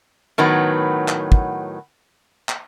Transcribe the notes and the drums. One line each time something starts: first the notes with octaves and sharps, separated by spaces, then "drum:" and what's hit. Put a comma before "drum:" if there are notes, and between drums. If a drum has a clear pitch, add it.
A2 D#3 F#3 B3
drum: clap
drum: kick
drum: clap